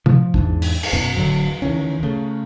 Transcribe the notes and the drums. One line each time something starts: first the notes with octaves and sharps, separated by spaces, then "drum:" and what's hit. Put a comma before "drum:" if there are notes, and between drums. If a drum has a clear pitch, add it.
F3, drum: tom C3
E2 G#2 D4, drum: kick
drum: open hi-hat
drum: cymbal
F#2 B2
D1 D3 F#3
D2 D#3 E3 C#4
C#3 A3